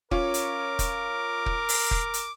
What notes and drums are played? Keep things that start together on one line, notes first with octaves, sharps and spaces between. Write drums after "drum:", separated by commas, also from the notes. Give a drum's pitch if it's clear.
C#4 F4 A#4 C#5 D6, drum: kick
drum: hi-hat
drum: kick, hi-hat
drum: kick
drum: open hi-hat
drum: kick
drum: hi-hat